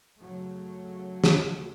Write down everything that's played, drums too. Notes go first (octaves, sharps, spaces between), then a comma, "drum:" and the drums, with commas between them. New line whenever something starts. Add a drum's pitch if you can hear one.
F#2 C#3 F#3 A3
D2 C#3, drum: snare